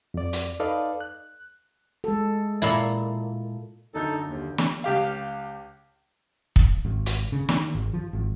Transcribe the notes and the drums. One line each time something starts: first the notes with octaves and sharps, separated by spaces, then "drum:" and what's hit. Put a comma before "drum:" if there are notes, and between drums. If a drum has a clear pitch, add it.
F2 D5
drum: hi-hat
D#4 A4 B4 D5 D#5 F5
F#6
G#3 A4
A#2 E4
F#2 D3 D#4 A4 G6
D#2
drum: snare
C#2 G4 F5
drum: kick
G#1
drum: hi-hat
C#3
D#3, drum: snare
G#1
F3
G#1